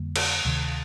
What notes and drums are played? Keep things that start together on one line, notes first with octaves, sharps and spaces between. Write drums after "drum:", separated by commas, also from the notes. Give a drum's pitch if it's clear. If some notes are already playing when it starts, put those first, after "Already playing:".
Already playing: F2 D3 G3 A#3
drum: cymbal
D2 C3 D#3